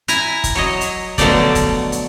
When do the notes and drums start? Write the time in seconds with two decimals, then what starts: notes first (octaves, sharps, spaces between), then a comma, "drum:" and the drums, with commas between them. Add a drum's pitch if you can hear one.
0.08 E4 G#5 A#5, drum: hi-hat
0.44 drum: kick, hi-hat
0.55 F#3 C#5 D#5
0.81 drum: hi-hat
1.18 B2 D3 F3 F#3 A3 D5, drum: kick, hi-hat
1.55 drum: kick, hi-hat
1.92 drum: hi-hat